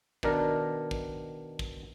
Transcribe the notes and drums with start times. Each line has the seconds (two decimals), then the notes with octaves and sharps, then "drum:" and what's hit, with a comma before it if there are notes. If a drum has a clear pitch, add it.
0.23 B2 D#3 D4 A#4, drum: kick
0.91 drum: kick
1.59 drum: kick